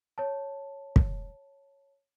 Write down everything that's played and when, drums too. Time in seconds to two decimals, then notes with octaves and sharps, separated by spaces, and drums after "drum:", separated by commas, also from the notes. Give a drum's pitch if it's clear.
0.18 C#5 A5
0.96 drum: kick